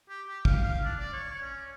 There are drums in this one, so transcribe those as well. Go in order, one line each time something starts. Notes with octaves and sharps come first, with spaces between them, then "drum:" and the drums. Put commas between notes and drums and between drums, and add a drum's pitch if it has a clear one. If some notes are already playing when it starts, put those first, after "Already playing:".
G4
G4
F5, drum: kick
F5
D4
D5
C#5
C#4